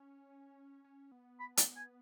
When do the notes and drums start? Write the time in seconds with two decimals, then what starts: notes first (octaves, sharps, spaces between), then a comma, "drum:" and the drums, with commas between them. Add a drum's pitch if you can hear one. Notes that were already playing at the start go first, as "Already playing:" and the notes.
Already playing: C#4
0.84 C#4
1.12 B3
1.40 B5
1.57 A5, drum: hi-hat
1.77 G#5